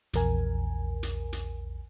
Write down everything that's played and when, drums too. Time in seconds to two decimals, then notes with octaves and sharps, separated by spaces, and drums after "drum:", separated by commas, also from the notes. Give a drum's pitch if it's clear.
0.13 A#1 E2 A#4 G#5, drum: hi-hat
1.03 drum: hi-hat
1.33 drum: hi-hat